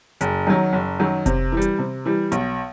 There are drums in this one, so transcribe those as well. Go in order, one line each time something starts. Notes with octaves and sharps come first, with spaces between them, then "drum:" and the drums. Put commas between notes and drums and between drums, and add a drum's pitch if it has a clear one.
F#1, drum: hi-hat
F#2 D#3 F#3
F#1
F#2 D#3 F#3
C3, drum: kick F1, hi-hat
E3 G3
drum: hi-hat
C3
E3 G3
B1, drum: hi-hat